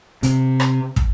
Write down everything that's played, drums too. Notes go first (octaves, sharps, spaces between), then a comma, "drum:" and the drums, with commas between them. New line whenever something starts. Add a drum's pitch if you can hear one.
C3, drum: hi-hat
drum: rim click
drum: kick